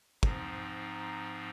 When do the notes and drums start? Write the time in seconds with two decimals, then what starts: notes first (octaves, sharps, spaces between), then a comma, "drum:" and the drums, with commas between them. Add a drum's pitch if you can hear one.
0.23 G#2 F3 C4 D#4, drum: kick